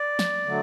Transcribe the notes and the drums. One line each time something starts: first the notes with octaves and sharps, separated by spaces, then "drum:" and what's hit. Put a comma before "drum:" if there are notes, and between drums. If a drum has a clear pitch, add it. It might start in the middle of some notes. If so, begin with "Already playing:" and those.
Already playing: D5
drum: snare
D3 F#3 A3